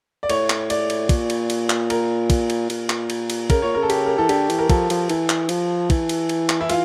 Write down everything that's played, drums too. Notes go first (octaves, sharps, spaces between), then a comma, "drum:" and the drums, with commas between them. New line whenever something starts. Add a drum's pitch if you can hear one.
D5
A2 C#5, drum: cymbal
drum: clap
D5, drum: cymbal
drum: cymbal
A#2, drum: kick, cymbal
drum: cymbal
drum: cymbal
drum: clap
A#4, drum: cymbal
drum: kick, cymbal
drum: cymbal
A#2, drum: cymbal
drum: clap
drum: cymbal
drum: cymbal
C#3 A#4, drum: kick, cymbal
A#2 C#5
C#3 A#4
A4
G4, drum: cymbal
A#4
E3 A4
D3 G4, drum: cymbal
E3, drum: cymbal
A#4
F3 A4, drum: kick, cymbal
F3, drum: cymbal
E3, drum: cymbal
drum: clap
F3, drum: cymbal
E3, drum: kick, cymbal
drum: cymbal
drum: cymbal
drum: clap
E4
F4, drum: cymbal